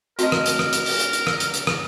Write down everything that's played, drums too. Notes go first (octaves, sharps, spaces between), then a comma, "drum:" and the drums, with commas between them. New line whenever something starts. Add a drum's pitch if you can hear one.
F3 F#3 A3 C4 F#4 A#4 D#5, drum: hi-hat
drum: rim click
drum: hi-hat
drum: rim click
drum: hi-hat
drum: open hi-hat
drum: hi-hat
drum: hi-hat
drum: rim click
drum: hi-hat
drum: hi-hat
drum: rim click